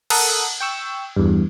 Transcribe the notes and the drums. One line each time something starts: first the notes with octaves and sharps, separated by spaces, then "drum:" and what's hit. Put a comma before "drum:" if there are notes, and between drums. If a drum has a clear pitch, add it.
A4 A#4 F#5 D#6, drum: cymbal
G5 C#6 E6
E2 G2